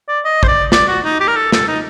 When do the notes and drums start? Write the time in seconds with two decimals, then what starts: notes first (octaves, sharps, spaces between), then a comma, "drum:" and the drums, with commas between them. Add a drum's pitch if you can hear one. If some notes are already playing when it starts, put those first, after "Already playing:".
0.08 D5
0.25 D#5
0.43 C5, drum: kick
0.48 D5
0.72 D5, drum: snare
0.88 F#4
1.04 D#4
1.20 G4
1.27 A#4
1.36 A4
1.52 A4, drum: snare
1.68 D#4